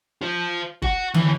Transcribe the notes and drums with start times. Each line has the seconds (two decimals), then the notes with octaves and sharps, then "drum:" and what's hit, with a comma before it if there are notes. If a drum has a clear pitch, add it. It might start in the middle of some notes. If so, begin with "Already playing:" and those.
0.21 F4 C5
0.82 F#4 F#5, drum: kick
1.14 D#2 E3, drum: tom D3